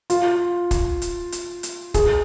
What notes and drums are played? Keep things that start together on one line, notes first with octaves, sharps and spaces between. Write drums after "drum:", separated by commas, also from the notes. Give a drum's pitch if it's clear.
F4, drum: hi-hat
drum: kick, hi-hat
drum: hi-hat
drum: hi-hat
drum: hi-hat
G#4, drum: kick, hi-hat